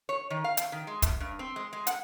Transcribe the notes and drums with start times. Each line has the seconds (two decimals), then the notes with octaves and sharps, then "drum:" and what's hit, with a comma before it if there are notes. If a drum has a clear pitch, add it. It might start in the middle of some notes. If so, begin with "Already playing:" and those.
0.09 C#5
0.30 D#3
0.44 F5
0.57 drum: hi-hat
0.72 D#3
0.87 G#3
1.02 F#2, drum: kick, hi-hat
1.20 G2
1.39 C4
1.56 G#3
1.73 G#3
1.87 F#5, drum: hi-hat